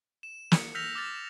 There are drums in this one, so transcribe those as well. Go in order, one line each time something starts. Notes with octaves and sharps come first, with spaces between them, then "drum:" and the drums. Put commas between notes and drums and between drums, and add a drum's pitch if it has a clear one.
E7
C#7, drum: snare
E6 F6 G6 A#6 B6 F7
D6 F6 A6 B6